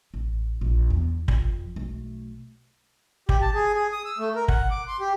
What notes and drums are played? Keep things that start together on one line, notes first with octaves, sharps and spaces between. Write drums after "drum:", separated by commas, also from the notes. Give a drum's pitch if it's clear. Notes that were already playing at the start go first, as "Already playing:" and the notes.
A1
A#1
E2
F2, drum: kick
B1 A3
G4, drum: kick
A5
G#4
G#4
D#6
E6
A3
A#4
F#5, drum: kick
D6
C6
G4